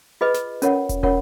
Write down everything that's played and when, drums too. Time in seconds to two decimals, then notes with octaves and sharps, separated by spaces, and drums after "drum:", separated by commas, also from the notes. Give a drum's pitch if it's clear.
0.21 F4 G#4 B4 D#5
0.34 drum: snare
0.62 C#4 F4 A#4 C#5 F#5, drum: hi-hat
0.89 drum: kick, hi-hat
1.03 C#4 F4 A#4 C#5 F#5, drum: kick